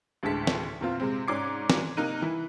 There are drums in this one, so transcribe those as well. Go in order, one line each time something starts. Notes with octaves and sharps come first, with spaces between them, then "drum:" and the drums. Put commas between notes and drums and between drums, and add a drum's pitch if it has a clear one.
A1 D2 D3 G#3 A5 B6
drum: snare
E2 A#2 C4 F4
C3 G#3 C4
G#2 C#4 D5 D6 G#6 C7
drum: snare
C3 A#3 D#4 A#4 F#6 D#7
E3 E4